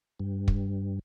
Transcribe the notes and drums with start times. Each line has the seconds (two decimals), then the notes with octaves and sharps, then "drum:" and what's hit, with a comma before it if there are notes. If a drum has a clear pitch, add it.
0.20 G2
0.48 drum: kick